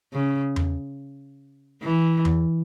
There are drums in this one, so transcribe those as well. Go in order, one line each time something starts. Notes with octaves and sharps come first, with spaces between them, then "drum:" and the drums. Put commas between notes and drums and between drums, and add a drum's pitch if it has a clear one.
C#3
drum: tom E2
E3
drum: tom E2